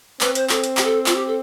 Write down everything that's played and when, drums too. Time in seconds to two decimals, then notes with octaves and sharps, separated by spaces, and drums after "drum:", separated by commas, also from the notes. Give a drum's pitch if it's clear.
0.21 C4 B4, drum: clap
0.35 C5, drum: hi-hat
0.49 A4, drum: clap
0.64 drum: hi-hat
0.77 G4, drum: clap
0.84 A4
1.06 F4, drum: clap
1.16 G4
1.27 A4